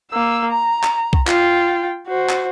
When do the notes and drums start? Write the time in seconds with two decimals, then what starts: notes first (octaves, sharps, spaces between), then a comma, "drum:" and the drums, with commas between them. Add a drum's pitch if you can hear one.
0.11 A#3 E6
0.51 A#5
0.84 drum: clap
1.13 drum: kick
1.27 F4 G5, drum: clap
2.07 F#4 C5
2.30 drum: clap